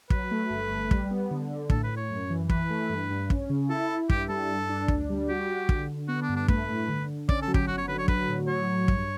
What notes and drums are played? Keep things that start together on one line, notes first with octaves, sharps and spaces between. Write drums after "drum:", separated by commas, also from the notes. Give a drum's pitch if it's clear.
F#3 B4, drum: kick
A3
G1
G1
G3, drum: kick
B3
D3
D3
A2 A4, drum: kick
B4
A2
C#5
F#2
E3
E3 B4, drum: kick
A3
G2
G2
C#4, drum: kick
C#3
E4 A4
E4
G2 G4, drum: kick
G3 A4
G2
D4
D2, drum: kick
G3
F#4 G4
F#4
D3, drum: kick
D3
B3 F#4
D4
G2
D4
A3 B4, drum: kick
A2
D3
D3
C#4 D5, drum: kick
A4
F#3
G4, drum: kick
G1 F#4
C#5
D3 B4
C#5
F#3 B4, drum: kick
A2
F#3 C#5
F#3
G2, drum: kick